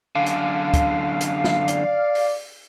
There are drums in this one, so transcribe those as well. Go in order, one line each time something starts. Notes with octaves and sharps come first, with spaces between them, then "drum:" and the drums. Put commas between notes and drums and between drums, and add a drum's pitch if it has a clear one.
F#2 D3 F5
drum: hi-hat
drum: kick D2, hi-hat
drum: hi-hat
drum: snare
D5, drum: hi-hat
drum: open hi-hat